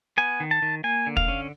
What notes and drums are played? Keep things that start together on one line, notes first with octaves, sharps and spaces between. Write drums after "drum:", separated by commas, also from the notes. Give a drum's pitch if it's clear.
B3 G#5
D#3
A5
D#3
A#3 G#5
D3
F5, drum: kick
C#4